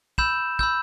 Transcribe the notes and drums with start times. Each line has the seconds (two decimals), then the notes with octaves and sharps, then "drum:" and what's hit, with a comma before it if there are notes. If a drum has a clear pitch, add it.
0.18 B5 E6 G6 E7, drum: kick
0.59 B5 E6 G6, drum: kick